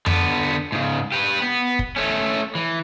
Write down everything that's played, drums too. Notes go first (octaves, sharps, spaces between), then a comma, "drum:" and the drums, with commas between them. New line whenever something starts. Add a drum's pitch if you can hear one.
D3 B3, drum: tom F2
G#2 C#3
G4 B4
B3
drum: kick
A3 C#4
E3